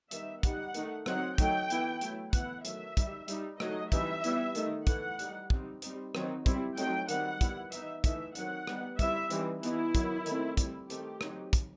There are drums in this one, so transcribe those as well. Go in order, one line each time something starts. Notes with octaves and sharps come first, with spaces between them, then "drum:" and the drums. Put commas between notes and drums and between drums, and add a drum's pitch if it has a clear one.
D#3 G3 B3 D#4 E5, drum: hi-hat
G3 D#4 F#5, drum: kick, hi-hat
D#3 A3 D#4, drum: hi-hat
F#3 C4 D#4 F#5, drum: rim click
F#3 A3 D#4 G5, drum: kick, hi-hat
E3 B3 E4, drum: hi-hat
F#3 A3 E4, drum: hi-hat
E3 B3 E4 F#5, drum: kick, hi-hat
D#3 F#3 A3 E5, drum: hi-hat
G3 D#4, drum: kick, hi-hat
G3 D#4, drum: hi-hat
F#3 A3 D#4 D#5, drum: rim click
E3 G3 C4 D#4 E5, drum: kick, hi-hat
G3 B3 E4, drum: hi-hat
D#3 A3 D#4, drum: hi-hat
E3 A3 E4 F#5, drum: kick, hi-hat
G3 D#4, drum: hi-hat
G3 C4 D#4, drum: kick
G3 C4 D#4, drum: hi-hat
D#3 F#3 C4 D#4, drum: rim click
G3 C4 E4, drum: kick, hi-hat
F#3 A3 C4 D#4 G5, drum: hi-hat
D#3 G3 C4 F#5, drum: hi-hat
G3 B3 E4, drum: kick, hi-hat
E3 B3 D#4 E5, drum: hi-hat
E3 A3 D#4 E5, drum: kick, hi-hat
D#3 F#3 C4 D#4 F#5, drum: hi-hat
G3 B3 D#4, drum: rim click
G3 C4 E4 E5, drum: kick, hi-hat
E3 G3 C4 D#4, drum: hi-hat
E3 B3 D#4 E4, drum: hi-hat
D#3 F#3 B3, drum: kick, hi-hat
D#3 A3 C4, drum: hi-hat
G3 C4 E4, drum: kick, hi-hat
D#3 A3 C4 D#4 G4, drum: hi-hat
F#3 C4 D#4, drum: rim click
drum: kick, hi-hat